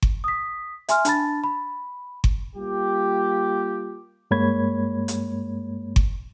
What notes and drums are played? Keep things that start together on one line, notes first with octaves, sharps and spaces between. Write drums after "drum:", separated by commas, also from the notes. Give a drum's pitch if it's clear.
drum: kick G1
D#6 B6
E5 G#5 C6 F6, drum: hi-hat
D4 A5 B5 A6, drum: hi-hat
B5
drum: kick G1
G3 A#3 F4 G4
G2 G#3 A#3 C#5 B5 G#6
drum: hi-hat
drum: kick G1